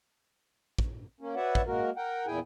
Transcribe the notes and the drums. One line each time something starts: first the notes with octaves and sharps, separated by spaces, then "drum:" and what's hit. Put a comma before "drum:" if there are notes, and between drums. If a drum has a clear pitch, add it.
drum: kick
A#3 C#4
F#4 B4 C#5 D5 E5 F#5
drum: kick
G#3 A#3 F#4 A#4
A#4 F#5 G5
E2 A#2 E4 G#4 G5 G#5